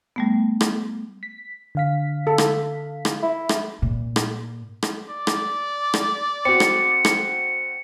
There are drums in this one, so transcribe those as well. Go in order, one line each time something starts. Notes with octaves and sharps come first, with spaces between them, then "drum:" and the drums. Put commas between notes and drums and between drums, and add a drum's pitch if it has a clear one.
G3 A3 B3
drum: rim click
B6
D3 F5 B6
A4
drum: rim click
drum: rim click
E4
drum: rim click
A#2
drum: rim click
drum: rim click
D5
drum: rim click
drum: rim click
C4 F#4 C#7
drum: rim click
drum: rim click